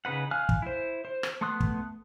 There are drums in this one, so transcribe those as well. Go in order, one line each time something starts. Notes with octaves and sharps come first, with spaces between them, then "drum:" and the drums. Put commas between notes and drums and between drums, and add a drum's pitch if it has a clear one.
C#3 D#4 B4 F#5
F5 G#5 F6 F#6
drum: kick
E4 C5
C5
drum: rim click
A3 B3 C6 D#6 F#6
drum: kick